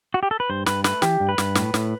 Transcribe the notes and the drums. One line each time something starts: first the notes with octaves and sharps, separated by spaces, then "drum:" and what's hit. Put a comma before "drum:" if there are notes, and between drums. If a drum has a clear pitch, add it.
F#4
G4
A4
B4
G2 C5
G2 B4, drum: snare
A3 B4, drum: snare
E3 G4, drum: snare
G2
B4
G2, drum: snare
A2, drum: snare
A2, drum: snare